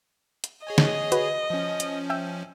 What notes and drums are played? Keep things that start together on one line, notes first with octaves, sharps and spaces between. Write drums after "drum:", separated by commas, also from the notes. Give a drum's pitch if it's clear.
drum: hi-hat
G#4 C#5 D#5 G#5
drum: snare
F#4 B4, drum: hi-hat
F3 C#4
drum: hi-hat
E5 G5 E6